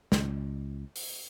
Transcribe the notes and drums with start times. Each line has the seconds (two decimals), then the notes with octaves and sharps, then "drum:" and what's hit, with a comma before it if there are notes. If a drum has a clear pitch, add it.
0.12 C#2, drum: snare
0.96 drum: open hi-hat